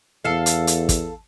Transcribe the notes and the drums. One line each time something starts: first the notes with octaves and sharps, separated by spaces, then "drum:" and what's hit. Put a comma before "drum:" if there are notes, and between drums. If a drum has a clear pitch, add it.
E2 A4 F5
drum: hi-hat
drum: hi-hat
drum: kick, hi-hat